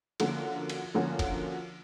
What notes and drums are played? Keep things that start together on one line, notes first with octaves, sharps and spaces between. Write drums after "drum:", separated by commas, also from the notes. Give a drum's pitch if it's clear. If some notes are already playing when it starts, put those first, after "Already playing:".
D3 F3 A#3 C#4 F#4, drum: cymbal
drum: cymbal
D3 F3 A#3 C#4 F#4
drum: kick, cymbal